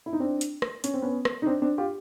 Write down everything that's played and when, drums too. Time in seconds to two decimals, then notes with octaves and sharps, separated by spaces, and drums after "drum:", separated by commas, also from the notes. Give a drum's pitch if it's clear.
0.06 E4
0.13 D#4
0.20 C4 D4
0.41 drum: hi-hat
0.62 drum: rim click
0.84 C#4, drum: hi-hat
0.94 C4
1.02 B3 C#4
1.25 drum: rim click
1.42 D#4
1.46 C4 D4
1.62 C4 D4
1.78 F4 G4